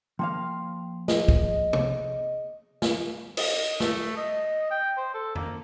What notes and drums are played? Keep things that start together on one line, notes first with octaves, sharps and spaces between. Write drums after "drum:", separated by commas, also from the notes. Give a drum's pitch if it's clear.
F3 A#3 F5 G5 C6
G#4 D#5, drum: snare
drum: kick
drum: tom C3
drum: snare
D#5, drum: cymbal
A3, drum: snare
D#5
G5
C5
A4
A#3, drum: tom F2